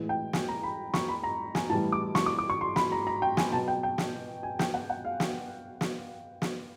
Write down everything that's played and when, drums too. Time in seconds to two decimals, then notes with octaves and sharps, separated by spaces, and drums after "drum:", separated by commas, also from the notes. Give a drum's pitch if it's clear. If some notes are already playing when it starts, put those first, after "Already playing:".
Already playing: A2 E3 G#3
0.09 G5
0.33 G#5, drum: snare
0.49 A#5
0.63 B5
0.94 C#6, drum: snare
1.08 B5
1.24 A#5
1.55 G#5, drum: snare
1.70 A2 E3 G3 A5
1.92 D6
2.15 C#6, drum: snare
2.26 D6
2.39 D6
2.50 C#6
2.61 C6
2.76 B5, drum: snare
2.92 A#5
3.07 A#5
3.22 G5
3.37 G#5, drum: snare
3.52 B2 F#3 A5
3.68 G5
3.83 G5
3.98 drum: snare
4.43 G#5
4.59 G5, drum: snare
4.74 F#5
4.90 F#5
5.05 F5
5.20 drum: snare
5.81 drum: snare
6.42 drum: snare